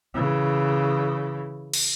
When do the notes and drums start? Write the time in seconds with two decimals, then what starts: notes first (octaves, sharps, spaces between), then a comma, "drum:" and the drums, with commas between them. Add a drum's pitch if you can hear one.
0.14 C#3 E3
1.74 drum: cymbal